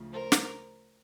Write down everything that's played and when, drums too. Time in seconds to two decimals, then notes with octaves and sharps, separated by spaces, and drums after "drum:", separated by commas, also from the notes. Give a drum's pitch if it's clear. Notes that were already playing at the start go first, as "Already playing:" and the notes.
Already playing: D2 C#3 F3
0.13 A#4 C5
0.32 drum: snare